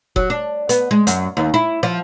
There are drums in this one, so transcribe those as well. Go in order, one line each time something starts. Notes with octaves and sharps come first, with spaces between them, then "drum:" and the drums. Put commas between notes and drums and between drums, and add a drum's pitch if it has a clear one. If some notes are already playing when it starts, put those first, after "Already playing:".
F#3, drum: kick F1
D4
B3, drum: hi-hat
G#3
F#2, drum: hi-hat
D#2
E4
F3